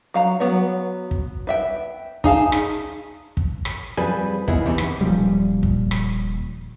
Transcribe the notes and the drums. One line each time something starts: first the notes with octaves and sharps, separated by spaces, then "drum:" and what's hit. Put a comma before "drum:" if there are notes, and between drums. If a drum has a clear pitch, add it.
F#3 F5 A#5
F#3 B3 C#5
drum: kick
B4 E5 G5
D#4 G#4 F5 A5, drum: kick
drum: rim click
drum: kick
drum: rim click
F3 G3 C4 G#4 B4
D#2 B3 E4 G#4, drum: kick
C3 D#3 E3 B3
drum: rim click
D#1 A#2 F3 G3
drum: kick
drum: rim click